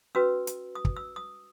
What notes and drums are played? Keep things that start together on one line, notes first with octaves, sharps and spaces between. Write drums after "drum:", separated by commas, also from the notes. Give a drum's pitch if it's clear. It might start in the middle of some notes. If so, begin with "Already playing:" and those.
C#4 F#4 B4 E6
drum: hi-hat
D#6
drum: kick
E6
D#6